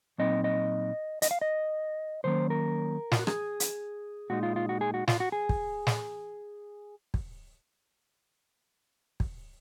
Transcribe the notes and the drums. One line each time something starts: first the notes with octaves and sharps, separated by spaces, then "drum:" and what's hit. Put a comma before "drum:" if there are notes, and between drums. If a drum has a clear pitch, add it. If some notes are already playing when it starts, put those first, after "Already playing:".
A#2 F#3 C4 D#4 D#5
D#5
D#5, drum: hi-hat
F5
D#5
D#3 F#3 A#3 C#4 C5
A#4
F4, drum: snare
F#4
G#4, drum: rim click
drum: hi-hat
A#2 G#3 D#4 F#4
F4
F4
F#4
G#4
F#4
F4, drum: snare
F#4
G#4
drum: kick
drum: snare
drum: kick
drum: kick